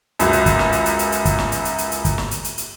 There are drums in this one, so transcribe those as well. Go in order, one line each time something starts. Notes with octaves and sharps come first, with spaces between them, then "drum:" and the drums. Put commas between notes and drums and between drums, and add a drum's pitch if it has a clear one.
C#2 F#2, drum: hi-hat
drum: hi-hat
drum: kick, hi-hat
drum: snare
drum: hi-hat
drum: hi-hat
drum: hi-hat
drum: hi-hat
drum: kick, hi-hat
drum: snare
drum: hi-hat
drum: hi-hat
drum: hi-hat
drum: hi-hat
drum: kick, hi-hat
drum: snare
drum: hi-hat
drum: hi-hat
drum: hi-hat